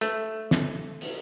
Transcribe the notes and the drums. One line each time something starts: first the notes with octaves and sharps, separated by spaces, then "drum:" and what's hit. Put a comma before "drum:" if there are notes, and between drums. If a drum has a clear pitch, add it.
A3, drum: hi-hat
drum: snare
drum: open hi-hat